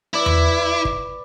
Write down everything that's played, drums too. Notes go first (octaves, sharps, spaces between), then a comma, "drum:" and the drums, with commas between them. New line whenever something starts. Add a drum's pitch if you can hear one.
E4 B4 D5
drum: tom E2
drum: kick